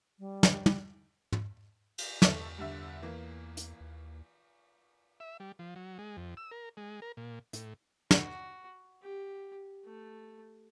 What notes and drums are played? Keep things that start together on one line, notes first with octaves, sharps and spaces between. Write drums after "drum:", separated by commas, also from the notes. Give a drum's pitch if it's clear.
G3
drum: snare
drum: tom
drum: tom
drum: cymbal
E2 A4 E5 C#6, drum: snare
G2 D3 E5
E3 A#3
drum: hi-hat
D#2
E5
G3
F3
F#3
G#3
F2
E6
A#4
G#3
A#4
A#2
A2, drum: hi-hat
F#4, drum: snare
G4
A3